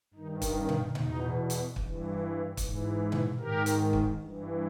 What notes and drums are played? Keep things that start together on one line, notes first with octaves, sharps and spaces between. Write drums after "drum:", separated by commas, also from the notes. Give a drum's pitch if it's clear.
G2 D#3 D#4
drum: kick, hi-hat
C#4
drum: tom A#2
E2 B2 D#4, drum: tom A#2
drum: hi-hat
G2 E3, drum: kick
G#2 E3, drum: kick, hi-hat
drum: tom A#2
G#2 D#3 G4 A#4
drum: hi-hat
drum: kick
G2 E3